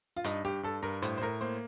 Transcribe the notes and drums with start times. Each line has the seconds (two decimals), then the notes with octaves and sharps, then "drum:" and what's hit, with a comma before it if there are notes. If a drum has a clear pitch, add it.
0.16 F4
0.24 G2 D#4, drum: hi-hat
0.44 G2 G4
0.63 G2 A4
0.83 G2 A#4
1.02 A2 C5, drum: hi-hat
1.18 C5
1.21 A2 A#4
1.41 A#3 C5